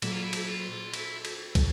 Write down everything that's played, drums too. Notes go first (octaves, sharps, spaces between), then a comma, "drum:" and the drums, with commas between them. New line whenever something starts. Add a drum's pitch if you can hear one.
A#2 F#3 A#3 E4, drum: cymbal
F4
E4
drum: cymbal
F4
E4, drum: cymbal
drum: cymbal
drum: kick, cymbal